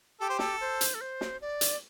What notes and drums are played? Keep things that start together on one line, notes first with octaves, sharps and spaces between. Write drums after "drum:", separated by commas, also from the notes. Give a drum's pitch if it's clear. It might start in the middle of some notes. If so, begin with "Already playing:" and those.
G4 A4
C5
A4, drum: snare
C5
drum: hi-hat
A4
C5
drum: snare
D5
drum: hi-hat